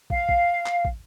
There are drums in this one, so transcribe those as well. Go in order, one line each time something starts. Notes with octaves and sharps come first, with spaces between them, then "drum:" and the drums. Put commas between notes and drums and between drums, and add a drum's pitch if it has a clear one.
F5, drum: kick
drum: kick
drum: clap
drum: kick